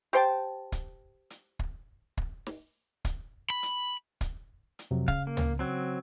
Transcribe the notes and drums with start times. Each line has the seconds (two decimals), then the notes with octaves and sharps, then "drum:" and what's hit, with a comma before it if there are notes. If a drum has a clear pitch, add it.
0.13 G4 C5 G5 A5
0.72 drum: kick, hi-hat
1.30 drum: hi-hat
1.59 drum: kick
2.17 drum: kick
2.47 drum: snare
3.05 drum: kick, hi-hat
3.50 B5
3.63 drum: hi-hat
4.21 drum: kick, hi-hat
4.79 drum: hi-hat
4.91 F2 C3 F#3
5.08 C#3 F5, drum: kick
5.27 A#3
5.37 drum: tom
5.59 F#3 C4